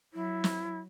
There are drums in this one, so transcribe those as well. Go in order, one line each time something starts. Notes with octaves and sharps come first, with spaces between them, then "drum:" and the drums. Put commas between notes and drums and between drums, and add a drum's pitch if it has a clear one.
F#3 E4
drum: snare